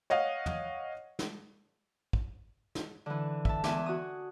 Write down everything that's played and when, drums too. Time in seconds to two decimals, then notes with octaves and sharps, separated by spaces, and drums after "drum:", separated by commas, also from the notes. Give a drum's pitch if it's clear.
0.10 C#5 D#5 F5 F#5
0.46 drum: tom
1.19 drum: snare
2.13 drum: kick
2.75 drum: snare
3.06 D3 E3
3.45 E5 A5, drum: kick
3.64 E2 E5 G#5 D6, drum: snare
3.86 F#4 D#6